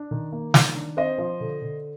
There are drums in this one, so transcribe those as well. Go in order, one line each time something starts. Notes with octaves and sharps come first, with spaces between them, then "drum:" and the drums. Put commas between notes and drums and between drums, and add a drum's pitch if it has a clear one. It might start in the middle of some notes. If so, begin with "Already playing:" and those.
Already playing: D4
D#3
A#3
D#3, drum: snare
D4
C4 C5 D#5
F3
D3
D3